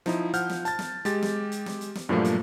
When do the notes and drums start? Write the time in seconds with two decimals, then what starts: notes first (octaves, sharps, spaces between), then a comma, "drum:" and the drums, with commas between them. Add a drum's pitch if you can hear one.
0.06 F3 D#4 E4, drum: snare
0.33 F3 F#5 F6 G6, drum: hi-hat
0.50 drum: snare
0.65 A5 A6, drum: hi-hat
0.79 drum: snare
1.05 G#3 G4 A6, drum: hi-hat
1.22 drum: snare
1.52 drum: hi-hat
1.66 drum: snare
1.81 drum: hi-hat
1.95 drum: snare
2.09 G2 A#2 F3 F#3 A3 A#3
2.25 drum: hi-hat